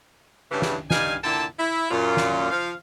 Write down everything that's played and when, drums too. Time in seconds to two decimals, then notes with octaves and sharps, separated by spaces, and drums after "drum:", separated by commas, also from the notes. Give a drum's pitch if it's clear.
0.51 G2 C#3 E3
0.62 drum: snare
0.90 G2 G3 D#4 F5 G#5, drum: snare
1.24 A#2 D3 E4 G5 A5
1.59 E4 E5
1.91 F#2 A#2 F4
2.17 drum: snare
2.51 F3 F5